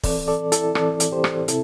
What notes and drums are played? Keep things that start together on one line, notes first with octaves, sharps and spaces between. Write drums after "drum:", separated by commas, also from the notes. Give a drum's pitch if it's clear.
E3 C4 A4 D5, drum: kick, open hi-hat
A4 D5
E4 A4, drum: hi-hat
E3 C4 A4 D5, drum: rim click
drum: hi-hat
G4 C5
drum: rim click
C3 C4 E4 A4, drum: hi-hat